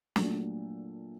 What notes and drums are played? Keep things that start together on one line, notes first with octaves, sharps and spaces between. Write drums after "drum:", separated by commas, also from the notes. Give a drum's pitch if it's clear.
A#2 F#3 A3 D4, drum: snare